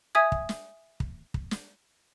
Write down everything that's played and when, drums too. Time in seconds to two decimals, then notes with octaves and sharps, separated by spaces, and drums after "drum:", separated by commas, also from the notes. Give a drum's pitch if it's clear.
0.15 E5 G#5 D#6 G#6
0.32 drum: kick
0.49 drum: snare
1.00 drum: kick
1.34 drum: kick
1.51 drum: snare